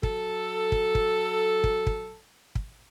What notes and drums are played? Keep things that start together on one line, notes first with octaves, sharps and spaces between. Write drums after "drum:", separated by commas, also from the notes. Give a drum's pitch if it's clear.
F#3 A4, drum: kick
drum: kick
drum: kick
drum: kick
drum: kick
drum: kick